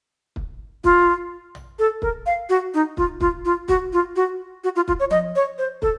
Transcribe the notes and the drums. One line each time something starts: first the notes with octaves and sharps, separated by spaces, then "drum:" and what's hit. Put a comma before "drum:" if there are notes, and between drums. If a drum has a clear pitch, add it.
drum: kick
F4, drum: kick
drum: tom A#1
A4
A#4, drum: kick
F5
F#4
D#4
F4, drum: kick
F4, drum: kick
F4
F#4, drum: kick
F4
F#4
F#4
F4
F4, drum: kick
C#5
D#5, drum: tom F3
C#5
C5
A4, drum: kick